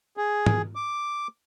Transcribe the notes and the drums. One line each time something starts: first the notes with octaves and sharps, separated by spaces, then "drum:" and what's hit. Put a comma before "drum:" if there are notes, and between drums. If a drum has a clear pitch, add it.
G#4
drum: tom G#2
D6